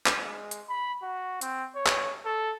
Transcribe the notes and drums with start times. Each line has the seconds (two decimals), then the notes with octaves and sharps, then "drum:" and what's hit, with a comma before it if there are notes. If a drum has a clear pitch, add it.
0.06 drum: clap
0.21 G#3
0.51 drum: hi-hat
0.69 B5
1.02 F#4
1.41 C4, drum: hi-hat
1.76 C#5
1.86 drum: clap
2.25 A4